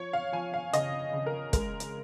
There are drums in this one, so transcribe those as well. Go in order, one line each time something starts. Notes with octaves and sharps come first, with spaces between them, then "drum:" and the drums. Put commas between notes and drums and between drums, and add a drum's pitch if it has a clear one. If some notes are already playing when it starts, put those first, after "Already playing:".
Already playing: F3 C#5
F5
F3 G#5
F5
C#3 D#5, drum: hi-hat
C#3
A#4
G#3 A#4, drum: kick, hi-hat
drum: hi-hat